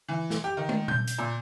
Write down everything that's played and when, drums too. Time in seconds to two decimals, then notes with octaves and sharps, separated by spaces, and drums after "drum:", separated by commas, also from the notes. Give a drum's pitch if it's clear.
0.09 E3
0.30 drum: snare
0.44 G4
0.57 D#3
0.69 drum: tom
0.88 G6, drum: tom A#2
1.07 drum: hi-hat
1.18 A#2